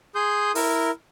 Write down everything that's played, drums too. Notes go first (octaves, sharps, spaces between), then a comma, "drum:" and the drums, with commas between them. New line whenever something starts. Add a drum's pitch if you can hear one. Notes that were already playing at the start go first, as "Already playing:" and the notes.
G#4 C6 D#6 G6
E4 A#4, drum: open hi-hat